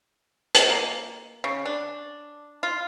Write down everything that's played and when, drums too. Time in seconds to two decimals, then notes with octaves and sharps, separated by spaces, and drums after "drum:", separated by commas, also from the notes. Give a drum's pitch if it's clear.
0.55 drum: hi-hat
0.70 A#3
1.44 C#3
1.65 D4
2.63 F4